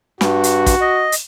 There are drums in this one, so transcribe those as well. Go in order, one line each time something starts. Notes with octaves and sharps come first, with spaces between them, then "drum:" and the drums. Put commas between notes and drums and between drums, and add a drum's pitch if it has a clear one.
G2 F#4, drum: snare
drum: hi-hat
drum: kick, hi-hat
D#5
drum: hi-hat